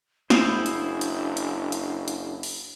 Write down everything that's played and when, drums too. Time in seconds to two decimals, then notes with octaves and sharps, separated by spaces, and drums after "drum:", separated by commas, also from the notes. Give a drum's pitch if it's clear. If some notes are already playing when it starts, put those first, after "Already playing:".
0.30 F#1 D4 E4 C5 D#6 G6 C7, drum: snare
0.66 drum: hi-hat
1.01 drum: hi-hat
1.37 drum: hi-hat
1.72 drum: hi-hat
2.08 drum: hi-hat
2.43 drum: open hi-hat